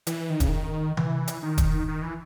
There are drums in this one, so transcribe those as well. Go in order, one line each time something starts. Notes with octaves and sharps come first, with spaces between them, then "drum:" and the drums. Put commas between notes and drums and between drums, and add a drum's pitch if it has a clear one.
E3, drum: hi-hat
D#3
C#3, drum: kick, hi-hat
D#3
E3, drum: tom C3
drum: hi-hat
D#3
drum: kick, hi-hat
D#3
E3